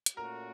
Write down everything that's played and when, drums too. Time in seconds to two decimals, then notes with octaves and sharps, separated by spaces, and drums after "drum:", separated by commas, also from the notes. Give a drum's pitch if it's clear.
0.06 drum: hi-hat
0.16 A#2 A3 C#4 F#4 A#4 A#5